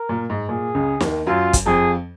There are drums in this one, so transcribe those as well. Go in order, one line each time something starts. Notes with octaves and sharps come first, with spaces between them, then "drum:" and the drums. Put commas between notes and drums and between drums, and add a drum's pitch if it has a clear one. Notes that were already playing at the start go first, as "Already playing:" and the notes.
Already playing: A#4
A#2
G#2
A#2 G#4
C#2 C#3
D#2 D#3, drum: snare
F#2 F#3 F4
drum: kick, hi-hat
F2 F3 G#4